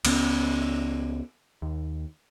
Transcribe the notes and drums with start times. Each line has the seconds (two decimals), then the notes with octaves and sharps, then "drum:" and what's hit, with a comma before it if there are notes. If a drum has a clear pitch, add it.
0.05 C#2 B3 C#4, drum: cymbal
1.62 D#2